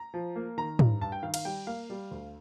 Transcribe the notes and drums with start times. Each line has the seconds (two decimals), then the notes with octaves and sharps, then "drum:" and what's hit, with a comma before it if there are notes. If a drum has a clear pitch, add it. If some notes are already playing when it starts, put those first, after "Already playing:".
Already playing: A#5
0.14 F3
0.36 A#3
0.58 D#3 A#5
0.79 G2, drum: tom
1.01 G2 A5
1.12 G5
1.23 D#3 F5
1.34 F5, drum: cymbal
1.45 G3 G5
1.67 A#3 F5
1.90 G3
2.11 D2